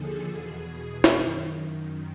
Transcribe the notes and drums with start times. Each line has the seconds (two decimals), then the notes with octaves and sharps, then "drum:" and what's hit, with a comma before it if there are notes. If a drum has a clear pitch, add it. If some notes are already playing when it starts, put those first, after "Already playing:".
Already playing: D#2 D3 F3 G#4 A4
0.30 E2 B2
1.04 drum: snare
1.14 F#2 D#3